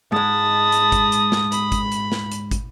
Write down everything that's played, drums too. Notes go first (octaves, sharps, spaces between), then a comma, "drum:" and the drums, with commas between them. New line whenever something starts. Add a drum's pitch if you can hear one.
G#2 G#3 A5 B5 D#6
drum: hi-hat
drum: kick, hi-hat
drum: hi-hat
drum: snare
B5, drum: hi-hat
drum: kick, hi-hat
drum: hi-hat
drum: snare
drum: hi-hat
drum: kick, hi-hat